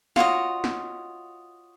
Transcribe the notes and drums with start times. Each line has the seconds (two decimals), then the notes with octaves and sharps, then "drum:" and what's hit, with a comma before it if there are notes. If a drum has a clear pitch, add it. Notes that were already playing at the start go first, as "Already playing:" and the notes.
0.16 F4 F#4 C#5 D#5, drum: snare
0.64 drum: snare